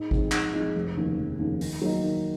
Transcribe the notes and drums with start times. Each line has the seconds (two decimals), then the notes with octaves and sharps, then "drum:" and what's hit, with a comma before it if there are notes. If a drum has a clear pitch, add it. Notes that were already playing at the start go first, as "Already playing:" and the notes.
Already playing: G#2
0.11 F3 G#3 C4 D#4, drum: kick G#1
0.32 G#2, drum: clap
0.54 F3 G#3 C4 D#4
0.76 F1
0.97 D#2 C#3 F3
1.17 F1
1.39 D#2 C#3 F3
1.61 D#3, drum: open hi-hat
1.82 F#3 A#3 D#4
2.03 D#3